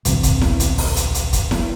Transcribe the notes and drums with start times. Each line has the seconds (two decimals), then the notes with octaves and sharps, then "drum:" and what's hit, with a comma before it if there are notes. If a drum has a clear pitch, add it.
0.05 D1 A#1 D3 C4, drum: hi-hat
0.23 drum: kick, hi-hat
0.41 drum: snare E4
0.60 drum: hi-hat
0.78 drum: open hi-hat
0.96 drum: hi-hat
1.14 drum: hi-hat
1.33 drum: kick, hi-hat
1.51 drum: snare E4